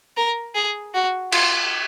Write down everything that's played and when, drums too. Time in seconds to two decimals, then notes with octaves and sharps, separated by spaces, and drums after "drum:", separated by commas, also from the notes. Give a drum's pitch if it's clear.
0.17 A#4
0.55 G#4
0.94 F#4
1.32 F4, drum: cymbal